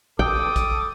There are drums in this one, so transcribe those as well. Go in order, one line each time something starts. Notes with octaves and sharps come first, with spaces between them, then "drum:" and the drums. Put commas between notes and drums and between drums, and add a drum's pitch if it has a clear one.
A4 G5 D6 D#6, drum: kick
drum: kick, hi-hat